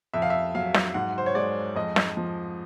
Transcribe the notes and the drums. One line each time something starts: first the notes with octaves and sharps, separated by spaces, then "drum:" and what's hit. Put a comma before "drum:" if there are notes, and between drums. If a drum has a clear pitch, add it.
F2 E5
F5
E5
F#3 F5
drum: snare
G#2 F#5
C5
C#5
G#3 D5
F2 D#5
drum: snare
F3